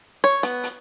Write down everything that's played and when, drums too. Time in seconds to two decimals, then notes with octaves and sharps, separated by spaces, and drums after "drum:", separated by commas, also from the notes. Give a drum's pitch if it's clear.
0.24 C#5
0.43 B3, drum: hi-hat
0.63 drum: hi-hat